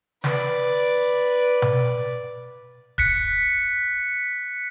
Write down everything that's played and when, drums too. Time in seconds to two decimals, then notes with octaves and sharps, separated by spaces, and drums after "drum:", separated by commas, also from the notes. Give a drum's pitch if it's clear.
0.24 B4 D5, drum: snare
1.62 drum: tom B2
2.98 F#6 B6 C#7, drum: kick D1